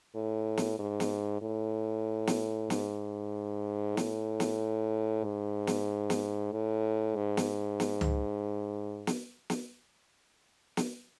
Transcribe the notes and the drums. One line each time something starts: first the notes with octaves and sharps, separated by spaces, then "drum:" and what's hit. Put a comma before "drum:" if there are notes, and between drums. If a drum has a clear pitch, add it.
A2
drum: snare
G#2
drum: snare
A2
drum: snare
G#2, drum: snare
A2, drum: snare
drum: snare
G#2
drum: snare
drum: snare
A2
G#2
drum: snare
drum: snare
drum: tom C#2
drum: snare
drum: snare
drum: snare